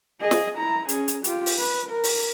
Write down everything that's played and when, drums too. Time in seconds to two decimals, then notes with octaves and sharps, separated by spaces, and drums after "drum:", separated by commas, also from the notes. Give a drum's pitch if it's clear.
0.20 G#4 D#5
0.31 drum: snare
0.58 E4 A#5
0.89 C#4 G#4, drum: hi-hat
1.08 drum: hi-hat
1.24 F4 G4, drum: hi-hat
1.46 drum: open hi-hat
1.59 B4
1.90 A#4
2.04 drum: open hi-hat